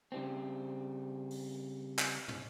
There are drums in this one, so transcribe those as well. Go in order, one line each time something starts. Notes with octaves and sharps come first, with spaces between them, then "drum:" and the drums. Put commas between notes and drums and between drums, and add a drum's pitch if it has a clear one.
C#3 G3 C4
drum: open hi-hat
drum: clap
drum: tom